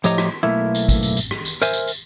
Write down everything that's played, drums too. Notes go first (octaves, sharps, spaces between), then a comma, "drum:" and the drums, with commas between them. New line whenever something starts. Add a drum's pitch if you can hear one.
A2 F3 G4 C#5 D#5 A#5, drum: tambourine
drum: rim click
B1 A3 A#3 E4
drum: tambourine
drum: kick, tambourine
drum: tambourine
drum: tambourine
drum: rim click
drum: tambourine
A#4 C5 E5 G#5, drum: tambourine
drum: tambourine
drum: tambourine